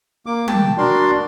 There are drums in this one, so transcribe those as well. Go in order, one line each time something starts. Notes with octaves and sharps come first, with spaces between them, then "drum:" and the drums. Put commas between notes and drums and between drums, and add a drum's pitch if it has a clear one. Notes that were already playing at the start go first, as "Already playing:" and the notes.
A#3 D6
G5 A5, drum: tom
D4 F#4 A#4 D5 C6